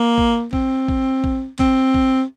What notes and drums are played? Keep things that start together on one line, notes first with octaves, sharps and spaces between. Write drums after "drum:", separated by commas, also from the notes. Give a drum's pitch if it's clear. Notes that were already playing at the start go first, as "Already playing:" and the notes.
Already playing: A#3
drum: kick
C4, drum: kick
drum: kick
drum: kick
C4, drum: kick
drum: kick